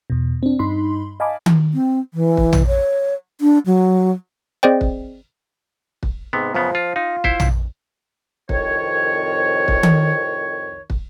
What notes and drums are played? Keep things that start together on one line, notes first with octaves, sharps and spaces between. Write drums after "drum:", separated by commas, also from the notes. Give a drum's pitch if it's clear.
E2 B2
C4 D4
G2 D#4 B5 C6
D#5 F5 G#5 A5 B5 D6
drum: tom D#3
C4
E3
drum: kick
drum: tom A#1
C#5
D4
F#3
C4 G#4 C5 D5 D#5 G5
drum: kick
drum: kick
G#2 C3 B3
F#2 C#3 F3 B3
F4
D#4 F4
E4 C5 E5, drum: kick
drum: tom A#1
C2 F2 D#3 C#5, drum: kick
drum: kick
drum: tom D#3
drum: kick